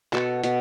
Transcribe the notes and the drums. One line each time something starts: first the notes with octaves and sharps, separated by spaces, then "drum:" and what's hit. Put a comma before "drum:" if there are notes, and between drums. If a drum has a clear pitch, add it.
B2 F#4 A4, drum: clap
B2, drum: hi-hat